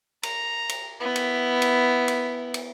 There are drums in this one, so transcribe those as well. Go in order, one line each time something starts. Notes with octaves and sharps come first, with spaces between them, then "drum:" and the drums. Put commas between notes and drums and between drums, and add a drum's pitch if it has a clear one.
A#5, drum: cymbal
drum: cymbal
B3 E4
drum: cymbal
drum: cymbal
drum: cymbal
drum: cymbal